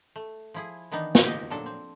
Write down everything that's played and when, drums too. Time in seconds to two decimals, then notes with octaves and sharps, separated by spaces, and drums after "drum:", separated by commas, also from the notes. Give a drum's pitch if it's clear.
0.16 A3
0.54 F3 E4 G#4
0.92 D#3 E3 B3 D4 D#4
1.15 drum: snare
1.25 G4 D#5
1.50 A#2 F3 F#3 D4 A4
1.66 C4